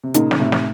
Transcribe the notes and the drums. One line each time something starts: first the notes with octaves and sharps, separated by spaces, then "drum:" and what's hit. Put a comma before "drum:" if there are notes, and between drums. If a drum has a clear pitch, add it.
C3
A#2 C#3 D#4, drum: hi-hat
C#3, drum: snare
A2 C3 A3
drum: snare